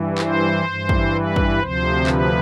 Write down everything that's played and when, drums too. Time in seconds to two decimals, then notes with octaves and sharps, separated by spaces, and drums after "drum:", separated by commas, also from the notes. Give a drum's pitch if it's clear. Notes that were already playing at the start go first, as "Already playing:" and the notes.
Already playing: G2 E3
0.18 C5, drum: clap
0.65 G2 E3
0.89 drum: kick
1.13 B4
1.36 drum: kick
1.60 D2 C3 F3 C5
2.07 B4, drum: clap